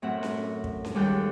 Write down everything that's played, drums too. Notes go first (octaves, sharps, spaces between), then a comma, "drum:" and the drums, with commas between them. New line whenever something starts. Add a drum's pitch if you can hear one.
F#2 A2 C4 F#5 E6
drum: snare C#4
drum: kick
drum: snare C#4
D#2 G3 G#3 A4 G5 F#6